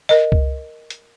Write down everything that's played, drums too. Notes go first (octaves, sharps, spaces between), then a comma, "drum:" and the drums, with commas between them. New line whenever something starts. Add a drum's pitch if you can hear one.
A#4 D#5
drum: kick C#2
drum: hi-hat